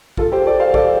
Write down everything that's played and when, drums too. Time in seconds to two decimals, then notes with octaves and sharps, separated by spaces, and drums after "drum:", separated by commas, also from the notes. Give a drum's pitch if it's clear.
0.17 F4 A4, drum: kick
0.32 G4 C5
0.46 A4 D5
0.60 C5 F5
0.70 F5
0.74 A4 D5, drum: kick